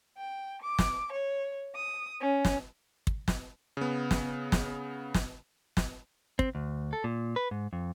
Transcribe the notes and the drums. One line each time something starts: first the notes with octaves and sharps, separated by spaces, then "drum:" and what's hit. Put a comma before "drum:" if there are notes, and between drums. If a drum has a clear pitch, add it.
G5
D6
drum: snare
C#5
D#6
C#4
drum: snare
drum: kick
drum: snare
C#3 B3
drum: snare
drum: snare
drum: snare
drum: snare
C4, drum: kick
D2
A4
A#2
B4
G#2
F2